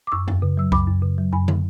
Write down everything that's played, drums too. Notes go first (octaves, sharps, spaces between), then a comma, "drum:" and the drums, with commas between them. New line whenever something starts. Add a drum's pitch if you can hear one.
D6
F#2 C#6 E6
F#2, drum: tom E2
C#3
F#3 E6
F#2 B5 D6, drum: kick C2
F#2
C#3
F#3
F#2 G#5 B5
drum: tom